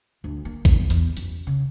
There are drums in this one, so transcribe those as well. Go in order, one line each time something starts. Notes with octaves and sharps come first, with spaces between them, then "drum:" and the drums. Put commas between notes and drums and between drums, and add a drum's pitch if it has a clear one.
D2
A#3
E2, drum: kick A1, hi-hat
E2, drum: hi-hat
F#2, drum: hi-hat
C#3